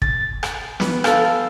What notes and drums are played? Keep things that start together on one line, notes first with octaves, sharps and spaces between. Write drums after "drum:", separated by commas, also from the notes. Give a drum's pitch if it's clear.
A6, drum: kick
drum: rim click
B3, drum: snare
A4 F5, drum: rim click